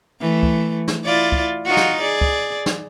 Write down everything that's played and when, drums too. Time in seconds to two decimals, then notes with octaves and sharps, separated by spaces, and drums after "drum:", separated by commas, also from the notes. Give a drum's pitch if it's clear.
0.21 E3 A3
0.43 drum: kick
0.88 drum: snare
1.04 E4 F4 D5
1.32 drum: kick
1.65 D#4 F4 F#4
1.77 drum: snare
2.01 G#4 D5
2.21 drum: kick
2.66 drum: snare